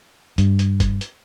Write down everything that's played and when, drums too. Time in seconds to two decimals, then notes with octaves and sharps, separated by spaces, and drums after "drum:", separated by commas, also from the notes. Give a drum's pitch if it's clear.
0.38 G2, drum: hi-hat
0.59 drum: hi-hat
0.80 drum: kick F1, hi-hat
1.01 drum: hi-hat